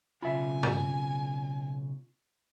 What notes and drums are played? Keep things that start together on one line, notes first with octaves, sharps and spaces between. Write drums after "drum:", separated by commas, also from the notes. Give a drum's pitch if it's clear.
B1 C#3 F4 E5 G#5 B5
drum: tom G2